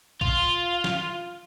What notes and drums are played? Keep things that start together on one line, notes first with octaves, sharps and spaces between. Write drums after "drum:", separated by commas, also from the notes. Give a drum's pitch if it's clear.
F4, drum: kick A#1
drum: snare